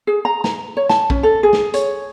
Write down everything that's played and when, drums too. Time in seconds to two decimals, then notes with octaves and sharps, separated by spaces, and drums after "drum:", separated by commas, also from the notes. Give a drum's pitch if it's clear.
0.07 G#4
0.25 A#5
0.44 A#5, drum: snare
0.77 C#5
0.89 A5, drum: snare
1.10 C#4, drum: kick
1.23 A4
1.43 G#4
1.53 drum: snare
1.74 C#5, drum: hi-hat